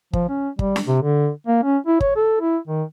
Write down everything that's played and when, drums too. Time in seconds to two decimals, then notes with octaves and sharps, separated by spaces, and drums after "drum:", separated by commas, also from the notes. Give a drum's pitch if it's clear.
0.13 F3, drum: kick
0.29 C#4
0.59 G3, drum: kick
0.76 drum: snare D4
0.87 C3
1.02 D3
1.47 A#3
1.63 C#4
1.87 E4
2.01 C#5, drum: kick
2.16 A4
2.41 E4
2.68 D#3